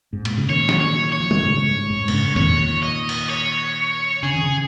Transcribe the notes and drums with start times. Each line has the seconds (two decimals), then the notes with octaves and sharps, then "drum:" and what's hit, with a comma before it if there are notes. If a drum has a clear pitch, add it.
0.13 G#2
0.25 A#2, drum: cymbal
0.37 C#3
0.49 A#2 D#3 C#5
0.69 drum: snare
0.80 C#5
1.12 C#5
1.20 F3
1.31 D#3, drum: tom
1.43 G#2 C#3
1.90 G#2
2.08 A#2, drum: cymbal
2.13 G#2 C#3
2.36 A#2 D#3 C#5, drum: tom E2
2.83 D#5
3.09 drum: cymbal
3.30 C#5
4.23 C#3 G#4
4.33 D#3
4.43 C#3